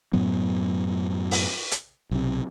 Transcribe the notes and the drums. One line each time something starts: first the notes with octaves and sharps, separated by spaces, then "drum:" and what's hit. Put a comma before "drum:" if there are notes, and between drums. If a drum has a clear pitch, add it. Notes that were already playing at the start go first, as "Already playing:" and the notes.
F#2 A2 F#3 B3
drum: open hi-hat
drum: hi-hat
B1 C3